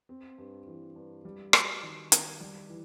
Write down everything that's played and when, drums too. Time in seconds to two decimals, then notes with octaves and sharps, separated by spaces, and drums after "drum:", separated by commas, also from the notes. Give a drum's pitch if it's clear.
0.09 C4
0.38 G2
0.67 E3
0.96 G2
1.25 G3
1.53 F#4, drum: rim click
1.83 D#3
2.12 D#3, drum: hi-hat
2.40 G3
2.69 E3